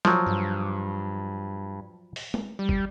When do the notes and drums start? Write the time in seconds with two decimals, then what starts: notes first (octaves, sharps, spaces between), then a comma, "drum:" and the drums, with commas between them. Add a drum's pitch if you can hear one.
0.05 F3 F#3, drum: snare
0.26 G2
2.16 drum: open hi-hat
2.34 drum: tom
2.59 G3
2.69 drum: kick